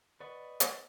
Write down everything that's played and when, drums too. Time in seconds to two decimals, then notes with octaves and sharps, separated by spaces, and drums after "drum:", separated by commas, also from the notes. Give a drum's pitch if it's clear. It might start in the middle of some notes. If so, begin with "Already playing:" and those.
0.20 B4 D5 D#5 F#5 C#6
0.60 drum: hi-hat